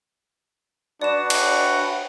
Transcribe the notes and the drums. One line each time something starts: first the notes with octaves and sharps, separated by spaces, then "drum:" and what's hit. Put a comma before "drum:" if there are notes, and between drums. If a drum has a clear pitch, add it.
D4 F#4 B4 D5 F#5 E7
drum: cymbal